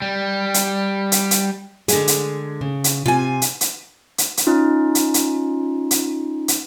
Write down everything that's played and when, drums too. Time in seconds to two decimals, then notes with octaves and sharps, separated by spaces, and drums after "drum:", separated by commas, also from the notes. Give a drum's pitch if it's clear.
0.02 G3
0.54 drum: hi-hat
1.12 drum: hi-hat
1.31 drum: hi-hat
1.88 D3 G#3 G#4, drum: hi-hat
2.07 drum: hi-hat
2.61 C#3
2.84 drum: hi-hat
3.06 C3 F4 G#5
3.42 drum: hi-hat
3.61 drum: hi-hat
4.18 drum: hi-hat
4.37 drum: hi-hat
4.47 C#4 D#4 F4
4.95 drum: hi-hat
5.14 drum: hi-hat
5.91 drum: hi-hat
6.48 drum: hi-hat